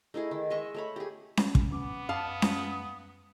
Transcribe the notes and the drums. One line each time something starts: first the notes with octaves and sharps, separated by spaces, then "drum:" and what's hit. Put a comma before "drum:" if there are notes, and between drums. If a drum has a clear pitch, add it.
A3 D#4 E4 G#4
D#3
G#3 D#5 E5 C#6
A3 C#5 B5
G4 G#4
drum: snare C#4
drum: kick
B3 C#4 D6
F#2 F5 A5 D#6
drum: snare C#4